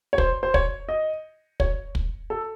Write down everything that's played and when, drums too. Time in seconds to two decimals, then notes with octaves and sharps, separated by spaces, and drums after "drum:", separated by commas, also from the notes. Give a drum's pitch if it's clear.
0.13 C#5
0.18 C5, drum: kick
0.43 C5
0.54 C#5, drum: kick
0.89 D#5
1.60 C#5, drum: kick
1.95 drum: kick
2.30 A4